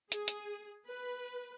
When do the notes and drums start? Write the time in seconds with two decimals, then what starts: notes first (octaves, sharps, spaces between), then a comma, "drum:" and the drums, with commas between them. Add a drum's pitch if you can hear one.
0.12 G#4, drum: hi-hat
0.28 drum: hi-hat
0.88 B4